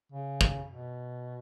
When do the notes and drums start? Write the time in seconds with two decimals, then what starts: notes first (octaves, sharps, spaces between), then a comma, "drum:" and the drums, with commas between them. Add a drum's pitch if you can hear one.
0.12 C#3
0.41 drum: kick
0.69 B2